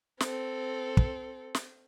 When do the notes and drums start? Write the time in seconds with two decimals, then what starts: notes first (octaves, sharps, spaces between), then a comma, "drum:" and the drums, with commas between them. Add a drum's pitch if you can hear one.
0.20 C4 A4, drum: snare
0.97 drum: kick
1.55 drum: snare